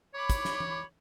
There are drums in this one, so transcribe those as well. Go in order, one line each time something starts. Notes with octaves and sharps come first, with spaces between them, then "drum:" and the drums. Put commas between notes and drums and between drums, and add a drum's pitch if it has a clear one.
C#5 B5 D6
drum: kick, hi-hat
drum: snare
drum: tom E3